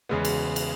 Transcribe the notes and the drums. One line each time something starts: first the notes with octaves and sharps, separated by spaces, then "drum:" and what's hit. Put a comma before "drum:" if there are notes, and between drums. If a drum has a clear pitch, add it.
E2 C#3 G#3 B3
drum: cymbal
drum: cymbal